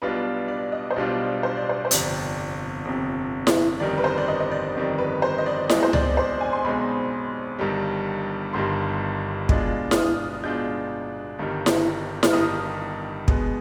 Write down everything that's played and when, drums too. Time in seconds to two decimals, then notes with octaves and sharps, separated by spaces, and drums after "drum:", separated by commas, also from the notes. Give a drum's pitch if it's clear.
0.02 B1 B2 G3 D4 F4 B4
0.48 D5
0.72 D#5
0.91 C5
0.96 B1 B2 G3 D4 F4 D5
1.43 C5
1.57 D5
1.69 C5
1.85 C5
1.91 G1 F2 C3 D5, drum: hi-hat
2.85 G1 F2 C3
3.47 drum: snare E4
3.80 G1 F2 D#3 G3 D5
3.98 B4
4.04 C5
4.18 D5
4.28 D#5
4.40 D#5
4.51 D5
4.75 G1 F2 D#3 G3
4.98 B4
5.22 C5
5.38 D#5
5.46 D5
5.70 B1 B2 G#3 C4 D#4 D#5, drum: snare E4
5.83 C5
5.93 D5, drum: tom C#2
6.17 C5
6.41 G#5
6.53 C6
6.64 B1 B2 G#3 C4 D#4 B5
7.59 G1 G2 D#3 G3
8.53 G1 G2 D#3 G3 C6
9.49 B2 G#3 D4 F4, drum: kick
9.91 F6, drum: snare E4
9.96 D#6
10.43 B2 G#3 D4 F4 G6
11.39 G1 G2 D#3 G3
11.66 drum: snare E4
12.23 F6, drum: snare E4
12.33 G1 G2 D#3 G3 D#6
13.28 B2 G#3 B3, drum: kick